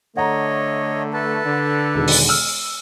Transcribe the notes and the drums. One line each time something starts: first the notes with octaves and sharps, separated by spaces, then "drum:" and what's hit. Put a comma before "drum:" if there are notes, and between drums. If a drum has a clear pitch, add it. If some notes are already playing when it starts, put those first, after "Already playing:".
D3 A3 C#5 D#5 F#5 A#5
A4 B4 A5
D3
E1 D#3
drum: open hi-hat
E6 F6